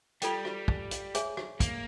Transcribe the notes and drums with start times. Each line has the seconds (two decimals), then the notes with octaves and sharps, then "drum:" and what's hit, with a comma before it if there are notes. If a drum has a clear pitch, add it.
0.22 G3 F4 A4 D5 G5, drum: hi-hat
0.45 drum: rim click
0.68 drum: kick
0.91 drum: hi-hat
1.15 G#4 C#5 E5 G#5, drum: hi-hat
1.37 drum: rim click
1.60 A#3, drum: kick, hi-hat